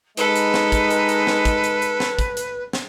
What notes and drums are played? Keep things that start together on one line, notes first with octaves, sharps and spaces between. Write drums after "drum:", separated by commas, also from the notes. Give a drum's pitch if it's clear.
G#3 D#4 A4 B4, drum: hi-hat
drum: hi-hat
drum: snare
drum: kick, hi-hat
drum: hi-hat
drum: hi-hat
drum: snare
drum: kick, hi-hat
drum: hi-hat
drum: hi-hat
drum: snare
drum: kick, hi-hat
drum: hi-hat
drum: snare